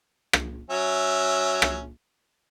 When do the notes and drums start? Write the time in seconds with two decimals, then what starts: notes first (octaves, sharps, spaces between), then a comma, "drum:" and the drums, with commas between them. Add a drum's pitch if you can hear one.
0.33 drum: rim click
0.70 F#3 C#4 E5
1.62 drum: rim click